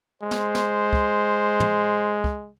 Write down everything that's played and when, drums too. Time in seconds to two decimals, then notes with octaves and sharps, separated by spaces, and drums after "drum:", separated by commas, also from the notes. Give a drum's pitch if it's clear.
0.22 G#3 C5
0.31 drum: snare
0.55 drum: snare
0.93 drum: kick
1.60 drum: tom
2.24 drum: kick